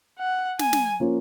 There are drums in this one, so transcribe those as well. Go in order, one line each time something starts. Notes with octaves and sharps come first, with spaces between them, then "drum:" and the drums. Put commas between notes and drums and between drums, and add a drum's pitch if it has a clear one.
F#5
G#5, drum: snare
drum: snare
F3 A#3 C#4 F4